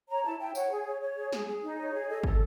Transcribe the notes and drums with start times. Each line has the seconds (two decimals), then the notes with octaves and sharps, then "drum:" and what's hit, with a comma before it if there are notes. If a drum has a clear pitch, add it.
0.09 C#5 A#5
0.24 E4 A5
0.40 E4 G5
0.55 C#5 F#5, drum: tambourine
0.71 G#4
0.85 C#5
1.01 C#5
1.17 G#4
1.32 G#4, drum: snare
1.47 G#4
1.63 D#4
1.78 C#5
1.94 G#4
2.08 A4 D#5
2.24 A4, drum: kick